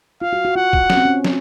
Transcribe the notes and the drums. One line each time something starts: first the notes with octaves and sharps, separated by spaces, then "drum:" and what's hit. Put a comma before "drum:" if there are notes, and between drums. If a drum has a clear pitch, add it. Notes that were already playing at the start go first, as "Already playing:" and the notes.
F4 F5
F#4
F#4
F4 F#5
drum: kick
C#4, drum: snare
C4
C#4
drum: snare